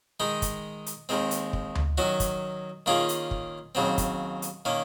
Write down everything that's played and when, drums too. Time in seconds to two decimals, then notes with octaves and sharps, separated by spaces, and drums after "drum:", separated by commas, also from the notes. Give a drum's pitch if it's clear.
0.20 D#3 G#3 D#4
0.42 drum: kick, hi-hat
0.86 drum: hi-hat
1.09 D#2 D#3 G#3 C4
1.31 drum: hi-hat
1.53 drum: kick
1.75 drum: tom D2
1.98 D#3 F#3 C#4 F#4
2.20 drum: kick, hi-hat
2.86 D#3 A#3 C#4 F4 G#4
3.09 drum: hi-hat
3.31 drum: kick
3.75 D#2 C#3 F#3 C4
3.98 drum: kick, hi-hat
4.42 drum: hi-hat
4.65 D#3 A#3 C#4